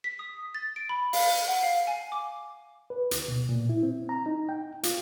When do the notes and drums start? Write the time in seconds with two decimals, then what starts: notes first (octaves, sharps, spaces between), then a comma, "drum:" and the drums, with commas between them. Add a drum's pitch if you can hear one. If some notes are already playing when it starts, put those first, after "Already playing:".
0.04 B6
0.19 D#6
0.55 A6
0.76 D7
0.89 B5
1.13 F5, drum: open hi-hat
1.48 F#5
1.63 F5
1.87 G#5
2.12 D6
2.90 B4
3.11 D2, drum: hi-hat
3.28 B2
3.49 A#2
3.69 E4
3.83 C4
4.09 A#5
4.26 D#4
4.49 G5
4.83 F4, drum: hi-hat